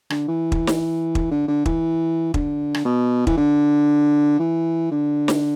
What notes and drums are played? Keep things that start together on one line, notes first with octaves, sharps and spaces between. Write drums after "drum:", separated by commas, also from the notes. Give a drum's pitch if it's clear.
D3, drum: rim click
E3
drum: kick
drum: snare
drum: kick
D3
D3
E3, drum: kick
D3, drum: kick
drum: rim click
B2
E3, drum: kick
D3
E3
D3
drum: snare